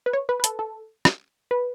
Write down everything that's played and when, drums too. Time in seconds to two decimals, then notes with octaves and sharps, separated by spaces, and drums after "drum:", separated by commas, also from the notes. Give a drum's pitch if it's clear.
0.06 B4
0.13 C#5
0.29 B4
0.40 B4
0.44 A4, drum: hi-hat
0.59 A4
1.05 drum: rim click
1.51 B4